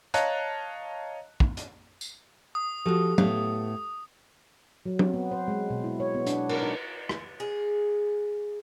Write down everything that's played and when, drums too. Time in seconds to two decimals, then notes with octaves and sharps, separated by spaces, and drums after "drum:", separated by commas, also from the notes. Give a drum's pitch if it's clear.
0.14 C#5 D#5 F5 A5 A#5 F#6, drum: hi-hat
1.40 drum: kick
1.57 drum: hi-hat
2.01 drum: tambourine
2.55 D#6
2.86 F3 F#4 G4 A4
3.18 A2 B3 F5, drum: tom
4.86 F#3
4.99 C4, drum: tom
5.14 B3
5.31 C5
5.48 G#3
5.70 B2
5.84 E4
6.00 C#5
6.15 B3
6.27 D4, drum: hi-hat
6.49 A#4, drum: cymbal
6.62 D#4
7.09 drum: rim click
7.40 G#4